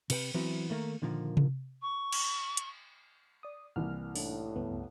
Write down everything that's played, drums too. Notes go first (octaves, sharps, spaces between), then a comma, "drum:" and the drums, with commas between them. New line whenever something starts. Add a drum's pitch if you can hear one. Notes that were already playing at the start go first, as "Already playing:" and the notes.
C3 B4 G5, drum: cymbal
E3 F#3 B3 C4 E4 F#4
D#3 A3 A#3
A#2 D3 D#3 F3 A#3
drum: tom C3
C#6
drum: cymbal
drum: hi-hat
D5 D#6
C2 E3 A#3 F6
A2 D4 D#4, drum: open hi-hat
C#2 G2 B3